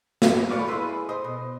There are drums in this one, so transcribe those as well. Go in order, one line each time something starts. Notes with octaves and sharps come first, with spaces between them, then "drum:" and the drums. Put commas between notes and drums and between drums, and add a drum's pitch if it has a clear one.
G#2 E3, drum: snare
E3 A3 B3 D5 F5 C#6
E4 G#4 B4 C6 E6
C5 D#5
B2